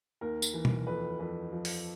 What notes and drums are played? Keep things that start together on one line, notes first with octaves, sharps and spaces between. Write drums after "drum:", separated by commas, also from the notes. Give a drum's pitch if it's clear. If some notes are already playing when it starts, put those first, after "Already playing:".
D#2 A#4
drum: tambourine
E3
drum: tom B2
F2 B4
F2 B4
F3
drum: open hi-hat